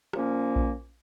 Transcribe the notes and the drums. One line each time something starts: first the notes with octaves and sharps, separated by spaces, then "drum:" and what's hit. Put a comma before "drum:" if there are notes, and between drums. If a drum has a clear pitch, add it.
A#2 F3 A#3 C#4, drum: rim click
drum: kick A#1